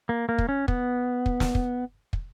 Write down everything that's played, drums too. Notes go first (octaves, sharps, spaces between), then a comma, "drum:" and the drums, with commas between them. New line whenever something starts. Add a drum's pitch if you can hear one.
A#3
A#3
drum: kick
C#4
B3, drum: kick
drum: kick
drum: snare
drum: kick
drum: kick